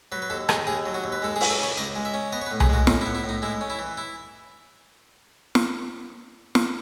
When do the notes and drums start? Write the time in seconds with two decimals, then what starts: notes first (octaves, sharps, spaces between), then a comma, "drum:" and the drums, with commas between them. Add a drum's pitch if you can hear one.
0.12 F#3 B4
0.22 B4
0.30 D#2 A4
0.49 D#3 G#4, drum: rim click
0.67 D#2 G#4
0.86 F#3
0.94 F#4
1.04 D#2
1.12 B4
1.22 G#3 A4
1.36 G#4
1.41 C#4, drum: open hi-hat
1.50 A4
1.59 C#3 C#5
1.77 C#2 D#5
1.95 G#3
2.05 E5
2.14 C#4
2.32 B3 D#5
2.42 C#5
2.46 B4
2.51 A2
2.60 G#4, drum: tom C2
2.69 G#3 F#4
2.87 A2 D#4, drum: snare
3.01 E4
3.06 B3
3.15 E4
3.24 A2
3.29 D#4
3.42 G#3 E4
3.61 C#4
3.70 E4
3.79 E3
3.97 E4
5.55 drum: snare
6.55 drum: snare